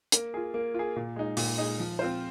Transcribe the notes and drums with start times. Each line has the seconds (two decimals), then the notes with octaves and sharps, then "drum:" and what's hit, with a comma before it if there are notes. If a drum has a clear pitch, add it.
0.12 A#3, drum: hi-hat
0.34 F4 G#4
0.54 A#3
0.74 F4 G#4
0.96 A#2
1.16 G#3 D#4
1.37 A#2, drum: open hi-hat
1.58 G#3 D#4
1.79 F3
1.99 C4 F4 C5